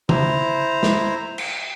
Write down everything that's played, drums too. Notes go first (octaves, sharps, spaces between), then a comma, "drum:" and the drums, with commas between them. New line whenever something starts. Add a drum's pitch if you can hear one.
E4 C5 A#5, drum: tom
drum: snare
drum: cymbal